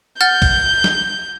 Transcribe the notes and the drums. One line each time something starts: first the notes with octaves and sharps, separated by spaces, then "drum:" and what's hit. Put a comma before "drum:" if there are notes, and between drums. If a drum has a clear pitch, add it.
F#5 F6 G6 A6
drum: kick, cymbal
drum: snare